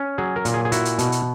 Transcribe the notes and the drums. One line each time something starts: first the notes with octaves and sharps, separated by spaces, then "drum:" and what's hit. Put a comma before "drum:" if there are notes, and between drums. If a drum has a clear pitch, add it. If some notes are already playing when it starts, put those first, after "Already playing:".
Already playing: C#4
F#3 G#4
A#4
A#2, drum: hi-hat
G#4
G#4
E4 F#4, drum: hi-hat
drum: hi-hat
B2, drum: hi-hat
drum: hi-hat